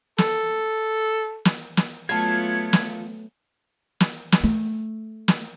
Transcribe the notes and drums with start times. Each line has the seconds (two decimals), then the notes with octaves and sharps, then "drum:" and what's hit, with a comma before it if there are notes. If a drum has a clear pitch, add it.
0.18 A4, drum: snare
1.45 drum: snare
1.77 drum: snare
2.09 F#3 A3 B3 F4 A5 G#6
2.73 drum: snare
4.00 drum: snare
4.32 drum: snare
4.44 A3
5.28 drum: snare